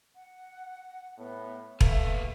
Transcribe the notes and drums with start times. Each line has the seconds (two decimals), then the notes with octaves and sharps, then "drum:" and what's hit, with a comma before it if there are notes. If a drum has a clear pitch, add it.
0.15 F#5
1.18 A2 B3
1.81 E2 B2 E3 A3 A4 B4 E5 F5, drum: kick E1